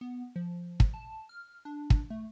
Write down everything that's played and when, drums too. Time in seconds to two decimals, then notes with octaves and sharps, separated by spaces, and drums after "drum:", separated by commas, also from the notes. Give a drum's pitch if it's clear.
0.01 B3
0.36 F3
0.80 drum: kick
0.94 A5
1.29 F6
1.65 D4
1.90 drum: kick
2.10 A3